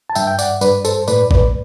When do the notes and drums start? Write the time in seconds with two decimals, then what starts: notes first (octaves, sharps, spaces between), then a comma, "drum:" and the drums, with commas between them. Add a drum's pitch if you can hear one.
0.10 A5
0.15 G2 E5 G5, drum: tambourine
0.27 G5
0.39 D5 F#5, drum: tambourine
0.61 G2 B4 D5, drum: tambourine
0.85 A4 C5, drum: tambourine
1.08 A2 B4 D5, drum: tambourine
1.31 B4 D5, drum: kick A1